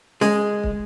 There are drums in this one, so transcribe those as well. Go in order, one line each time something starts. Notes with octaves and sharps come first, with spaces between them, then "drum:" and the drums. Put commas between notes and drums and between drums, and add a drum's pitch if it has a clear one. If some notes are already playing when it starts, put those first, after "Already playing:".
G#3, drum: snare
drum: kick